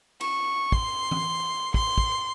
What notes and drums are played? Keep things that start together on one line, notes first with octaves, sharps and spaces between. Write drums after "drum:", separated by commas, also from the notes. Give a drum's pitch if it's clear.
C#6, drum: cymbal
C6, drum: kick
drum: tom E3
C6, drum: kick
drum: kick